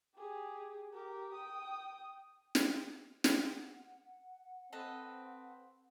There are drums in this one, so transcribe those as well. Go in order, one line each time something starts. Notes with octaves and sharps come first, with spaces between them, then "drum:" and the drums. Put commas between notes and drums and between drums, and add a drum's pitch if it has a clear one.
G4 G#4
G4 A#4
G5 D#6
drum: snare
F#5, drum: snare
C4 A4 B4 D#5